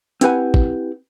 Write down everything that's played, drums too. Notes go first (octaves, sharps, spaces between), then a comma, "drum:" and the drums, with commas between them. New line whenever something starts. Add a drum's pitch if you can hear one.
C4 E4 G4 B4 F#5 G#5, drum: hi-hat
drum: kick